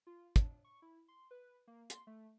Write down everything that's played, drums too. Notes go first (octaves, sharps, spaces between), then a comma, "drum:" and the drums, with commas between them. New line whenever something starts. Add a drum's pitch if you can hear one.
F4
D4, drum: kick, hi-hat
C#6
E4
C6
B4
A#3
C6, drum: hi-hat
A3